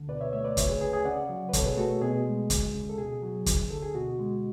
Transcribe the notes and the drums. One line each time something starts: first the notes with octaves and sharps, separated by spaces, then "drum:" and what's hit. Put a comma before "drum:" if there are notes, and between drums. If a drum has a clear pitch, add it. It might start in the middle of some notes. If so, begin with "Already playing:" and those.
Already playing: D2 D3
B2 B4 D5
C#5 E5
A3 C#5 E5
B4 D5
D2 C#5 E5, drum: kick, hi-hat
G#4 B4
C#3 G#4
G#4
C#3 D5 F#5
F#3
B4
B2 A4 C#5, drum: kick, hi-hat
G#4 B4
A3 F#4 A4
B2 G#4
G#3
D2, drum: kick, hi-hat
C#3
A4
B2 G#4
F#3
D2, drum: kick, hi-hat
D3 A4
G#4
B2 F#4
G#3